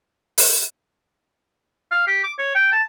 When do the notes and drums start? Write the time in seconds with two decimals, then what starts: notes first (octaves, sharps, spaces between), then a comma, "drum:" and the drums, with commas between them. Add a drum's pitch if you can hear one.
0.38 drum: open hi-hat
1.91 F5
2.07 G4
2.24 D6
2.39 C#5
2.55 G5
2.72 A5